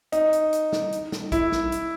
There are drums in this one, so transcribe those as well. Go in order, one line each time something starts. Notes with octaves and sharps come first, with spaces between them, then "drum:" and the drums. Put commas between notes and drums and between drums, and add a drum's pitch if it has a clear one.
D#4, drum: hi-hat
drum: hi-hat
drum: hi-hat
drum: snare
drum: hi-hat
drum: snare
E4, drum: kick, hi-hat
drum: snare
drum: hi-hat